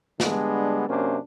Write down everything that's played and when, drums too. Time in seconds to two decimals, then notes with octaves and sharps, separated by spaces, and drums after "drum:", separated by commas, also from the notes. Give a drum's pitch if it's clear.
0.20 D3 G3 G#3 B3 D4 A4, drum: snare
0.87 F#2 C3 A#3 C#4 D4 C5